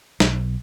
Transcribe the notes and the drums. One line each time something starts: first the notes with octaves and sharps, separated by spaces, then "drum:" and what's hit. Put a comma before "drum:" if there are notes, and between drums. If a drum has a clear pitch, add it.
B1, drum: snare